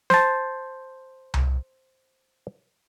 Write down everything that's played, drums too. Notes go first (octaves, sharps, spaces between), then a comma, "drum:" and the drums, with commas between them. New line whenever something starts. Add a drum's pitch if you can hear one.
C5 A5, drum: snare
drum: tom C2